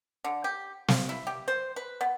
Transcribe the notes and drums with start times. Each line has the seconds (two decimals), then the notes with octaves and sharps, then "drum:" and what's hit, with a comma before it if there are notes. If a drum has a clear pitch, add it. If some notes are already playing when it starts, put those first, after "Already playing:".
0.24 D3
0.44 G4
0.88 F4, drum: snare
1.09 E4
1.27 G4
1.48 C5
1.76 B4
2.01 B3